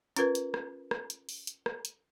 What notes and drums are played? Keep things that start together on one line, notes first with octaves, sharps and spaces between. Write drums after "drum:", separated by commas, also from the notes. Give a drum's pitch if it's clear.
C#4 F4 A#4 B4, drum: hi-hat
drum: hi-hat
drum: rim click
drum: rim click
drum: hi-hat
drum: open hi-hat
drum: hi-hat
drum: rim click
drum: hi-hat